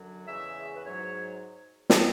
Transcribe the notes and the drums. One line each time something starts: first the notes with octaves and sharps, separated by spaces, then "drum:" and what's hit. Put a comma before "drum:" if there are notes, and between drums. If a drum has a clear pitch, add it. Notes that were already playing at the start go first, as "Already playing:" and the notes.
Already playing: F#2 D3 F#3
E2 C#3 E3 G#3 E5
B4
G#2 F#3 C#5
drum: snare